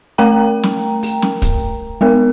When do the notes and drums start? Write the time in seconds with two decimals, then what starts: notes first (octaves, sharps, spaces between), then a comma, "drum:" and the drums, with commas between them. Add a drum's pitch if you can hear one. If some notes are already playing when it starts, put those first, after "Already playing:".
0.18 A3 A#4 G5 A#5
0.63 drum: snare
1.03 drum: open hi-hat
1.22 drum: snare
1.42 drum: kick, hi-hat
2.01 G#3 B3 A#4